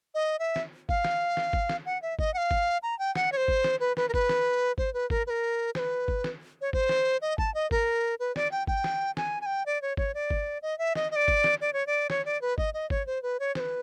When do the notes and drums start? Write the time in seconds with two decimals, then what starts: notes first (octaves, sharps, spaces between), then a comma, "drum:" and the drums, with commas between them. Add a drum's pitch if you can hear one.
0.15 D#5
0.39 E5
0.56 drum: snare
0.89 F5, drum: kick G#1
1.05 drum: snare
1.37 drum: snare
1.53 drum: kick G#1
1.69 drum: snare
1.86 F#5
2.02 E5
2.19 D#5, drum: kick G#1
2.34 F#5
2.37 F5
2.51 drum: kick G#1
2.83 A#5
2.99 G5
3.15 F#5, drum: snare
3.32 C#5
3.37 C5
3.48 drum: kick G#1
3.64 drum: snare
3.80 B4
3.97 B4, drum: snare
4.09 A#4
4.14 B4, drum: kick G#1
4.29 drum: snare
4.78 C5, drum: kick G#1
4.94 B4
5.10 A#4, drum: kick G#1
5.27 B4
5.30 A#4
5.75 C5, drum: snare
5.79 B4
6.08 drum: kick G#1
6.24 drum: snare
6.61 C#5
6.73 C5, drum: kick G#1
6.89 drum: snare
7.22 D#5
7.38 A5, drum: kick G#1
7.55 D#5
7.71 A#4, drum: kick G#1
8.20 B4
8.36 D5, drum: snare
8.52 G5
8.67 G5, drum: kick G#1
8.84 drum: snare
9.17 G#5, drum: snare
9.41 G#5
9.46 G5
9.66 D5
9.82 C#5
9.97 C#5, drum: kick G#1
10.14 D5
10.30 drum: kick G#1
10.62 D#5
10.79 E5
10.95 D#5, drum: snare
11.11 D#5
11.16 D5
11.28 drum: kick G#1
11.44 drum: snare
11.61 D5
11.73 C#5
11.87 D5
12.10 C#5, drum: snare
12.25 D5
12.42 B4
12.58 D#5, drum: kick G#1
12.74 D#5
12.90 C#5, drum: kick G#1
13.07 C5
13.23 B4
13.40 C#5
13.55 C5, drum: snare
13.60 B4